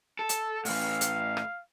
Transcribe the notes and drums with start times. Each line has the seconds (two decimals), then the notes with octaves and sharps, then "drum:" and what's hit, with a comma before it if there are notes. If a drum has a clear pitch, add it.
0.19 A4
0.29 drum: hi-hat
0.65 A2 E3 F5, drum: open hi-hat
1.01 drum: hi-hat
1.37 drum: rim click